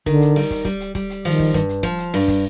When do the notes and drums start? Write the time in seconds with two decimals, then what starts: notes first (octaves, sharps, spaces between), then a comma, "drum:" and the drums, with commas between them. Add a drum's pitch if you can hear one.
0.06 D3 D#3, drum: kick, hi-hat
0.21 drum: hi-hat
0.36 G3, drum: open hi-hat
0.51 drum: kick, hi-hat
0.65 G3, drum: kick, hi-hat
0.80 drum: hi-hat
0.95 G3, drum: kick, hi-hat
1.10 drum: hi-hat
1.25 D#3 F3, drum: open hi-hat
1.39 drum: kick
1.54 G2, drum: kick, hi-hat
1.69 drum: hi-hat
1.83 F3, drum: kick, hi-hat
1.98 drum: hi-hat
2.14 G2, drum: open hi-hat
2.28 drum: kick, hi-hat